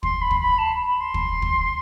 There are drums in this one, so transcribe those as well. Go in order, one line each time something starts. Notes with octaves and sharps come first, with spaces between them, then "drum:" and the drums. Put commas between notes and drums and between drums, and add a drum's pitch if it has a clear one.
C6, drum: kick
B5
drum: kick
B5
A5
B5
C6
drum: kick
drum: kick